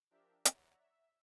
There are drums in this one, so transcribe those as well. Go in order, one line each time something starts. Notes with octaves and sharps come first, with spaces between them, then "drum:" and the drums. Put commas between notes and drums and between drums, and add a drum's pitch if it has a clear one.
F3 D4 G4 A#4 E5
C#5 D5 E5 F#5 A#5, drum: hi-hat
E5